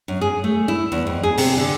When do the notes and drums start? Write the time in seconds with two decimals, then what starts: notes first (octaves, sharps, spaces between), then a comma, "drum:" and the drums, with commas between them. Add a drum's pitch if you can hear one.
0.08 F#2
0.21 G#4
0.44 A3
0.68 E4
0.92 E2
1.07 F2
1.23 G#4
1.38 C3, drum: open hi-hat
1.58 D3